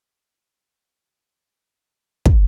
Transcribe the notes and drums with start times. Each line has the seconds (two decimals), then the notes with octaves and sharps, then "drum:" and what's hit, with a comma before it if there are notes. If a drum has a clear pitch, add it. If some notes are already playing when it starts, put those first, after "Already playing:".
1.05 D#3 A#3 F4 F#4
1.25 F#4 G#4 A#4 C5
1.42 A#3 D4 E4
1.83 D3 F#3 G3 C4 C#4 C5
2.26 drum: kick